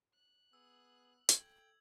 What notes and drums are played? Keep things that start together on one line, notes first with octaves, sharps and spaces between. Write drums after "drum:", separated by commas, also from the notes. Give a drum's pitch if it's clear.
F#6
B3 G#4 E6
A4 G5 G#6 F#7, drum: hi-hat